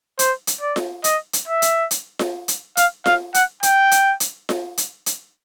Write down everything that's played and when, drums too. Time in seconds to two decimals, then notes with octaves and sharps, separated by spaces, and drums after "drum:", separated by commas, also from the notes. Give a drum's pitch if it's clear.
0.19 C5, drum: hi-hat
0.47 drum: hi-hat
0.61 D5
0.76 drum: snare F4
1.04 D#5, drum: hi-hat
1.33 drum: hi-hat
1.47 E5
1.62 drum: hi-hat
1.91 drum: hi-hat
2.19 drum: snare F4
2.48 drum: hi-hat
2.77 F5, drum: hi-hat
3.06 F5, drum: snare F4
3.34 F#5, drum: hi-hat
3.63 G5, drum: hi-hat
3.91 drum: hi-hat
4.20 drum: hi-hat
4.49 drum: snare F4
4.78 drum: hi-hat
5.06 drum: hi-hat